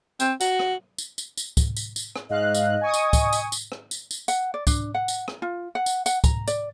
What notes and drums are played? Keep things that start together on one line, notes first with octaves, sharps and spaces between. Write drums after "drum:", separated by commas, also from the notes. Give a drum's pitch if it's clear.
C4, drum: tambourine
F#4, drum: tambourine
drum: rim click
drum: tambourine
drum: tambourine
drum: tambourine
drum: kick, tambourine
drum: tambourine
drum: tambourine
drum: rim click
G#2 D#5 F5 F#6
drum: tambourine
G#5 C#6 D#6
drum: tambourine
drum: kick, tambourine
drum: tambourine
drum: tambourine
drum: rim click
drum: tambourine
drum: tambourine
F#5, drum: tambourine
D5
D4, drum: kick, tambourine
F#5
drum: tambourine
drum: rim click
F4
F#5
drum: tambourine
F#5, drum: tambourine
A#5, drum: kick, tambourine
D5, drum: tambourine